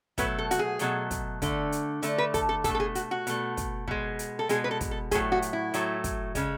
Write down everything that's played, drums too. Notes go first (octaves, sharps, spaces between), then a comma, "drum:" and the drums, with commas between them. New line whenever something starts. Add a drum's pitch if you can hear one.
B2 F#3 A3 B4, drum: kick, hi-hat
A4
F#4, drum: hi-hat
G#4
B2 F#3 A3, drum: hi-hat
drum: kick, hi-hat
D3 A3, drum: kick, hi-hat
drum: hi-hat
D3 A3, drum: hi-hat
B4
A4, drum: kick, hi-hat
A4
B2 A3 A4, drum: kick, hi-hat
A4
G#4
F#4, drum: hi-hat
F#4
B2 A3, drum: hi-hat
drum: kick, hi-hat
B2 G#3, drum: kick
drum: hi-hat
A4
B2 G#3 G#4, drum: hi-hat
B4
A4
drum: kick, hi-hat
A4
A2 F#3 A3 G#4, drum: kick, hi-hat
F#4
drum: hi-hat
E4
A2 F#3 A3, drum: hi-hat
drum: kick, hi-hat
C#3 G#3, drum: kick, hi-hat